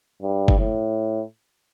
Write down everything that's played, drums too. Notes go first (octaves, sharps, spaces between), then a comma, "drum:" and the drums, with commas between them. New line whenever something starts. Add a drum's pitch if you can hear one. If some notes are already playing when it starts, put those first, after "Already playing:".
G2
drum: kick
A2